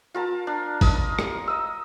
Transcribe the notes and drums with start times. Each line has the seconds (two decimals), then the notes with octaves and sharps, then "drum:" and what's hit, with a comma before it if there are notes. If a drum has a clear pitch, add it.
0.14 F4 A#4 A5
0.47 D4
0.81 A#4 D#5, drum: kick, open hi-hat
1.19 drum: rim click
1.48 D#5 E6